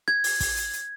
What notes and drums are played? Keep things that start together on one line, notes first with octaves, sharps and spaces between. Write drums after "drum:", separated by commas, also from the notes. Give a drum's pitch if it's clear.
G#6, drum: rim click
drum: open hi-hat
drum: kick, open hi-hat
drum: hi-hat
drum: hi-hat